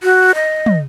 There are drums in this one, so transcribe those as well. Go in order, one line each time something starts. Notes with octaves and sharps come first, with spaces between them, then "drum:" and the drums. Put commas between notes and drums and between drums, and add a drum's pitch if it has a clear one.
F#4
D#5
drum: tom